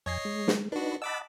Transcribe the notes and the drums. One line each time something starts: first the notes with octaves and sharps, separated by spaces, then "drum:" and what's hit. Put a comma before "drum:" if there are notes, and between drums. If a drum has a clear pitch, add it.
F2 C#5 D#5 G#5 C7
G#3
drum: snare
D4 D#4 F#4 B4
D#5 F#5 A5 B5 D6 E6